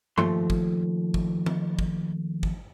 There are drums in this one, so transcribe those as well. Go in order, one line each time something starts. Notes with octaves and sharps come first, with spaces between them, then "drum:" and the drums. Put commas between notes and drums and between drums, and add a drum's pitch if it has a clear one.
D#2 F3 A3 C6, drum: tom G2
drum: kick
drum: kick
drum: tom D#3
drum: kick
drum: kick